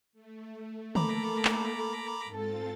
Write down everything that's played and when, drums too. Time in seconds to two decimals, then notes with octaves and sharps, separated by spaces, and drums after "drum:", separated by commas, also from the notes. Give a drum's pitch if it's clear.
0.13 A3
0.95 A#3 A4 A#5 B5 D6, drum: tom D3
1.45 drum: clap
2.29 G#2 C4 F4 A4 A6